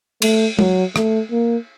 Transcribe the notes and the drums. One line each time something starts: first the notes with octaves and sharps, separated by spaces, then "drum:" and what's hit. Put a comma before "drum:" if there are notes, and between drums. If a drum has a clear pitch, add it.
A3, drum: cymbal
F#3, drum: tom
A3, drum: rim click
A#3